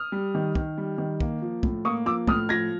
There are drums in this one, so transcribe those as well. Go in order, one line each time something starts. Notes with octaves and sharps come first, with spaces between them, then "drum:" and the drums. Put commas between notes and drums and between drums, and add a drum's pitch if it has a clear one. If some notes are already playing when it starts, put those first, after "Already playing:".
Already playing: D#6 F6
G3
D#3
D#3, drum: kick
G3
D#3
A#3, drum: kick
F3
A2, drum: kick
A#3 C#6 D#6
F3 D6 E6
A2 D#6 F6, drum: kick
F3 G#6 A#6